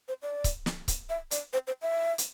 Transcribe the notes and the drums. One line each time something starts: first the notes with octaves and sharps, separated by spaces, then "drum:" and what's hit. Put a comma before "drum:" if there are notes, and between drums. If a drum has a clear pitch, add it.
C5
D5
drum: kick C#1, hi-hat
drum: snare
drum: kick C#1, hi-hat
E5
D5, drum: hi-hat
C5
C5
E5
drum: hi-hat